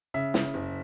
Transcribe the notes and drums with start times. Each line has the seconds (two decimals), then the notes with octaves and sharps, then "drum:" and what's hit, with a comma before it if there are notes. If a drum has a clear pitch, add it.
0.14 C#3 E5
0.34 C#3, drum: snare
0.54 F#1